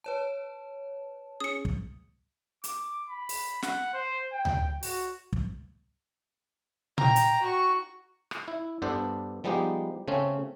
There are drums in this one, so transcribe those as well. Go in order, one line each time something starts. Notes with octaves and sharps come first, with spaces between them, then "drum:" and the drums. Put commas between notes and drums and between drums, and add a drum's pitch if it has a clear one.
B4 C#5 A5
C#4 G#4 D#6 C#7
drum: kick
D6, drum: hi-hat
B5
drum: open hi-hat
F#5, drum: snare
C5
G5
drum: tom D2
F#4, drum: open hi-hat
drum: kick
G5 A#5, drum: tom A#2
drum: hi-hat
F#4 C#6
drum: rim click
E4
G2 B3 D4 A4 C5
F3 G3 G#3 B3 D#4 G4
C#3 A3 C4 C#4